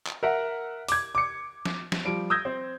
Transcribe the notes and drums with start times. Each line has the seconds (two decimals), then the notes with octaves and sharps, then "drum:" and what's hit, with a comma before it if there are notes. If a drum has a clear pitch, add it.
0.07 drum: clap
0.23 A#4 E5 F#5
0.88 D6 G#6, drum: open hi-hat
1.15 D6 C#7
1.66 drum: snare
1.92 drum: snare
2.05 F3 G3 D7
2.30 D#6 E6 G6 G#6 A#6
2.45 C4